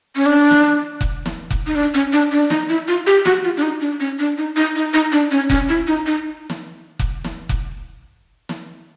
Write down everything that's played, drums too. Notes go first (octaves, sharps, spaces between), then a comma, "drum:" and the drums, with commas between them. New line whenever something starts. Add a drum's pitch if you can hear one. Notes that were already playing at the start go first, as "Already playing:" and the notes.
C#4
D4
drum: snare
drum: kick F1
drum: snare
drum: kick F1
D#4
D4
C#4
D4
D4
D#4, drum: snare
E4
F4
G4
F#4, drum: snare
F4
D4
D#4
D4
C#4
D4
D#4
D#4
D#4
D#4
D4
C#4
C#4, drum: kick F1
E4
D#4
D#4
drum: snare
drum: kick F1
drum: snare
drum: kick F1
drum: snare